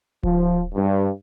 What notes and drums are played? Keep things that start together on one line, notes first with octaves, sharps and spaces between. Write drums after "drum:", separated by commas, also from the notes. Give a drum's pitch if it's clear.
F3, drum: kick D1
G2